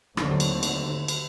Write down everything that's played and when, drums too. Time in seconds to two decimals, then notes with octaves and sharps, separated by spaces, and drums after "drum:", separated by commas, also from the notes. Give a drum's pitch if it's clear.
0.17 D#2 A2 D3 D#3 F#3 C4, drum: rim click
0.40 drum: cymbal
0.63 drum: cymbal
1.08 drum: cymbal